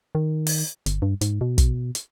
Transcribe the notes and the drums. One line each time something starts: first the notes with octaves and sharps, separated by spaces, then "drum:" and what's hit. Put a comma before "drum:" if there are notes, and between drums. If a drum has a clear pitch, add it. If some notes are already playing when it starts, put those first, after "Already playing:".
D#3
drum: open hi-hat
G1, drum: hi-hat
G2
G#2, drum: hi-hat
B2
drum: kick, hi-hat
drum: hi-hat